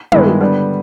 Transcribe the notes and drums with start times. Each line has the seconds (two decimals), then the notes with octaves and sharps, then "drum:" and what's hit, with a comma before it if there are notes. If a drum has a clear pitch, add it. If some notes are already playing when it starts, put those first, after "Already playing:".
0.12 G2 D#3 G#3 B3 E4, drum: tom
0.40 D3 G3 B3